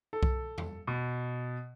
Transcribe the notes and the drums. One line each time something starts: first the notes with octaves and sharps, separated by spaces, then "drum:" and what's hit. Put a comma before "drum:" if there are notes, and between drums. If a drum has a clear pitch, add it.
A4
drum: kick B1
drum: tom E2
B2